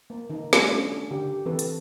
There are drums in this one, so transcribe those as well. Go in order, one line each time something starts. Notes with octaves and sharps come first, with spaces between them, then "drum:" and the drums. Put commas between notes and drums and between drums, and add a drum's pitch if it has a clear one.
A#3
D#3 D#4
G3 A3 B3 C#4, drum: snare
C#4 D4 A4
D3 G4
E3 C4 A4 B4
drum: hi-hat